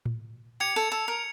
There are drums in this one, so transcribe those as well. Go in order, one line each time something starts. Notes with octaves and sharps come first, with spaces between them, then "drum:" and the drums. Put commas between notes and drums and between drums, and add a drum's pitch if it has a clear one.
drum: tom A2
G4 G#6 C#7 F7
A4
A4
A#4